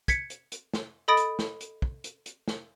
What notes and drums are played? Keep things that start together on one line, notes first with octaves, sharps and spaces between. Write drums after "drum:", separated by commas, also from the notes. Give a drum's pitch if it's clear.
G#6 B6 C#7, drum: kick, hi-hat
drum: hi-hat
drum: hi-hat
drum: snare
A4 D#5 B5 D#6 A6 D7
drum: hi-hat
drum: snare
drum: hi-hat
drum: kick
drum: hi-hat
drum: hi-hat
drum: snare